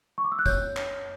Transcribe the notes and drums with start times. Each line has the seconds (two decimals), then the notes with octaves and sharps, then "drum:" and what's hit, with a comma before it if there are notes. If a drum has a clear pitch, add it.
0.18 C#6
0.24 D6
0.32 E6
0.39 F#6
0.46 C#5 G6, drum: kick, tambourine
0.76 C#5, drum: clap